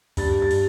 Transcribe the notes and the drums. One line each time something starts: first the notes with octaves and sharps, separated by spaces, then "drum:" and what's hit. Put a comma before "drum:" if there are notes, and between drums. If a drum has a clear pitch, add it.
G2 A6, drum: kick D2, open hi-hat
G2 A6
drum: open hi-hat